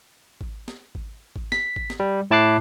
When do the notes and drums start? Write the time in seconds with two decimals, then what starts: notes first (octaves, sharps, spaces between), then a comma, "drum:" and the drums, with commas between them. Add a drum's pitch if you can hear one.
0.41 drum: kick G#1
0.68 drum: snare
0.95 drum: kick G#1
1.36 drum: kick G#1
1.52 B6, drum: snare
1.76 drum: kick G#1
1.90 drum: snare
2.00 G3
2.31 A2 E4 A5 D6 F#6 C7